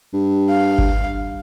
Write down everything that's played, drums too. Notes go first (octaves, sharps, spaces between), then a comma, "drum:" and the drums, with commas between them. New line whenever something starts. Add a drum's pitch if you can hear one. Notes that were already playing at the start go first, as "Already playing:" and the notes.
G2
F5
drum: kick G1